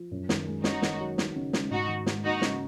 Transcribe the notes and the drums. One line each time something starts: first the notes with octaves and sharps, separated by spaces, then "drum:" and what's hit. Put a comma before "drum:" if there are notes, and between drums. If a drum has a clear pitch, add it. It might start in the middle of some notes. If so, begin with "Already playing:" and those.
Already playing: F3
F#2
D#3, drum: snare
G#3
C#4 D#4 F#4, drum: snare
D#3, drum: snare
F#3
D#4, drum: snare
C#3
G#3, drum: snare
G#2 D#4 F#4
D#3
G#3, drum: snare
A#3 D#4 F#4
C#3, drum: snare